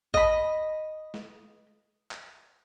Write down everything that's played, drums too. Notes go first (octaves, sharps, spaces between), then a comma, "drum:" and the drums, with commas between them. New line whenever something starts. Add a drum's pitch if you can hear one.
D#5 B5, drum: kick
drum: snare
drum: clap